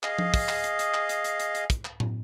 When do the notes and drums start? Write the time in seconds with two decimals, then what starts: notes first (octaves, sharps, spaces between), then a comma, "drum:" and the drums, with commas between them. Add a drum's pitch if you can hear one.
0.03 G#4 D#5 F5, drum: clap
0.19 drum: tom F3
0.34 drum: kick, open hi-hat
0.49 drum: clap
0.64 drum: hi-hat
0.79 drum: hi-hat
0.94 drum: clap
1.09 drum: hi-hat
1.24 drum: hi-hat
1.40 drum: hi-hat
1.55 drum: hi-hat
1.70 drum: kick, hi-hat
1.85 drum: clap
2.00 drum: tom A2